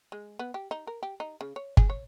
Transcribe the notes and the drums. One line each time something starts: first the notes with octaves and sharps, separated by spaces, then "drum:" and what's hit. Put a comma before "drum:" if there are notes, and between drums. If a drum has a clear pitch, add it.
G#3
B3
G4
D#4
A#4
G4
D#4
C#3
C#5
G#4, drum: kick G1
C#5